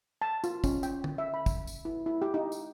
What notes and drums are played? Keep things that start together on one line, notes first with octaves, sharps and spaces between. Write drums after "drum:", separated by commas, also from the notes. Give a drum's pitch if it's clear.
A5
F4, drum: tambourine
C#4, drum: kick, tambourine
G5, drum: tambourine
drum: tom
E5
B5
drum: kick, tambourine
drum: tambourine
E4
E4
G4
D#4
drum: tambourine